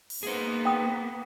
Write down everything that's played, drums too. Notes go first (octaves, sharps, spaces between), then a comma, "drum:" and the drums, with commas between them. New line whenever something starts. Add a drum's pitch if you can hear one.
drum: open hi-hat
A#3 B3 G#4 C5
G5 D#6